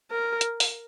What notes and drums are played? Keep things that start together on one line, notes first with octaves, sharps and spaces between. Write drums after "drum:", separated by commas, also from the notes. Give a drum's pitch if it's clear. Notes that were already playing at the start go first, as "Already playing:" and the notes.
A#4
drum: hi-hat
drum: open hi-hat